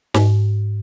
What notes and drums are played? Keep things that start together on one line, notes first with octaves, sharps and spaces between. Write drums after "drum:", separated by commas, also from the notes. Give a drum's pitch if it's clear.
G#2, drum: snare